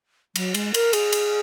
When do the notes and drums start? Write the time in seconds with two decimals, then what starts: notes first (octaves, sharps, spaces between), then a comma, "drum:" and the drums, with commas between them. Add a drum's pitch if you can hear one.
0.36 F#3, drum: cymbal
0.54 G#3, drum: cymbal
0.74 A#4, drum: cymbal
0.93 G#4, drum: cymbal
1.13 drum: cymbal